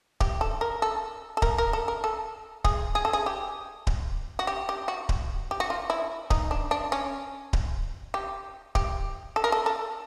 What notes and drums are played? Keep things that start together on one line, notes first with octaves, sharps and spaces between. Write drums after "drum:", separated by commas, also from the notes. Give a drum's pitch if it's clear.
G4, drum: kick D1
A4
A#4
A4
A4
A#4, drum: kick D1
A#4
A4
A#4
A4
G#4, drum: kick D1
G#4
A4
G#4
G4
drum: kick D1
F#4
G4
G4
F#4
drum: kick D1
G4
F#4
F4
E4
D#4, drum: kick D1
D4
D4
C#4
drum: kick D1
G4
G4, drum: kick D1
A4
A#4
A4
A4